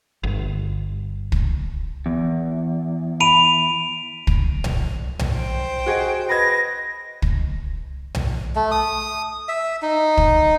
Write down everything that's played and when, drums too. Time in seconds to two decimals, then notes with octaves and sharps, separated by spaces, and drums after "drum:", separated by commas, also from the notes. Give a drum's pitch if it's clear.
0.23 G1
1.32 drum: kick
2.06 E2
3.20 B5 D7 D#7 F7
4.27 drum: kick
4.64 drum: tom B1
5.19 drum: tom B1
5.36 C5 G5
5.86 F#4 G#4 D#5
6.29 B4 D#5 G#6 A#6
7.22 drum: kick
8.15 drum: tom B1
8.56 A3
8.71 D#6
9.49 E5
9.82 D#4
10.17 drum: kick